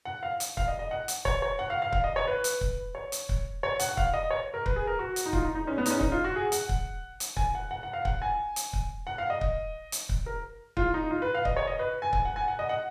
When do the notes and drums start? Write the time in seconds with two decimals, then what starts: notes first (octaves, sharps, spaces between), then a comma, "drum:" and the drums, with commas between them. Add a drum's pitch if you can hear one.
0.05 F#5
0.23 F5
0.40 drum: hi-hat
0.57 F5, drum: kick C#1
0.68 D#5
0.79 D#5
0.91 F#5
1.08 drum: hi-hat
1.25 C#5, drum: kick C#1
1.42 C#5
1.59 F#5
1.70 F5
1.82 F5
1.92 F5, drum: kick C#1
2.04 D#5
2.16 C#5
2.27 B4
2.44 drum: hi-hat
2.61 drum: kick C#1
2.95 C#5
3.12 drum: hi-hat
3.29 drum: kick C#1
3.63 C#5
3.80 F#5, drum: hi-hat
3.91 F#5
3.97 F5, drum: kick C#1
4.14 D#5
4.31 C#5
4.54 A#4
4.66 B4, drum: kick C#1
4.76 G#4
4.87 A#4
4.99 F#4
5.16 drum: hi-hat
5.26 D#4
5.33 F4, drum: kick C#1
5.45 D#4
5.55 D#4
5.67 C#4
5.78 B3
5.86 D#4, drum: hi-hat
5.90 C#4
6.01 D#4, drum: kick C#1
6.12 F4
6.24 F#4
6.36 G#4
6.52 F#5, drum: hi-hat
6.69 drum: kick C#1
7.20 drum: hi-hat
7.37 G#5, drum: kick C#1
7.55 F#5
7.71 F#5
7.83 F#5
7.93 F5
8.05 F#5, drum: kick C#1
8.22 G#5
8.56 drum: hi-hat
8.73 drum: kick C#1
9.07 F#5
9.18 F5
9.30 D#5
9.41 drum: kick C#1
9.92 drum: hi-hat
10.09 drum: kick C#1
10.26 A#4
10.77 F4, drum: kick C#1
10.94 D#4
11.11 F4
11.22 B4
11.35 F5
11.45 D#5, drum: kick C#1
11.56 C#5
11.67 D#5
11.79 B4
12.02 G#5
12.13 G#5, drum: kick C#1
12.25 F#5
12.36 G#5
12.48 F#5
12.59 D#5
12.69 F#5